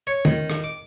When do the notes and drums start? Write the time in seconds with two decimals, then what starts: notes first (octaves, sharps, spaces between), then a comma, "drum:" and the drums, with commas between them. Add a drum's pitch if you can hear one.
0.07 C#5
0.25 D#3, drum: tom
0.50 drum: rim click
0.64 D6